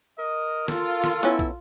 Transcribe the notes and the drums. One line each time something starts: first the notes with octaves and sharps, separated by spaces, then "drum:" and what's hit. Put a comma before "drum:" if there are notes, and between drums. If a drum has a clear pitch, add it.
A#4 D#5
F4 A4, drum: snare
drum: tambourine
drum: snare
B3 C#4 E4, drum: tambourine
drum: kick, tambourine